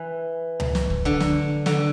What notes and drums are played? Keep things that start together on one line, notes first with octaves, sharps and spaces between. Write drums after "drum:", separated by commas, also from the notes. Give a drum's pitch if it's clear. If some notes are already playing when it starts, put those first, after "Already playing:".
Already playing: E3
drum: tom C#2
drum: snare
drum: kick C#2
D3
drum: snare
D3, drum: snare